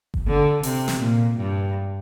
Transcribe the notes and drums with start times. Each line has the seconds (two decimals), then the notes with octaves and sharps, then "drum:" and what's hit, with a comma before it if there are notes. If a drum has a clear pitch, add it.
0.14 drum: kick G1
0.27 D3
0.63 C3, drum: open hi-hat
0.88 drum: snare
1.01 A#2
1.38 G2